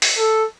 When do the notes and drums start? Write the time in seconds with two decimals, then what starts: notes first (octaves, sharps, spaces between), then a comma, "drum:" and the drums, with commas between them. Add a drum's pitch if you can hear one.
0.02 drum: open hi-hat
0.18 A4